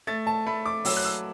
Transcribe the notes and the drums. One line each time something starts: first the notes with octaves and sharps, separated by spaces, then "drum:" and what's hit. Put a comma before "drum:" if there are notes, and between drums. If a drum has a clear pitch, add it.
A3 A6
A5
A3 B5
D6
F#3 E6, drum: open hi-hat
F#6
E6